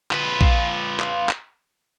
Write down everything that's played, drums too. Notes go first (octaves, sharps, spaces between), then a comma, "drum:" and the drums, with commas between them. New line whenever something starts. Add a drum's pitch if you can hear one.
F4 B4, drum: clap
drum: kick
drum: clap
drum: clap